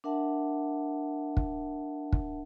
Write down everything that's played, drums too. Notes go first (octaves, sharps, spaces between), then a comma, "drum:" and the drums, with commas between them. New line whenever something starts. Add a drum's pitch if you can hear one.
D4 A#4 E5 F#5 A5
drum: kick
drum: kick